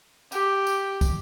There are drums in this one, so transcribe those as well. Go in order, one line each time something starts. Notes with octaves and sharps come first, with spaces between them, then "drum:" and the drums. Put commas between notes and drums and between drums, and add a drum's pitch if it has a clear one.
G4, drum: tambourine
drum: tambourine
drum: kick, tambourine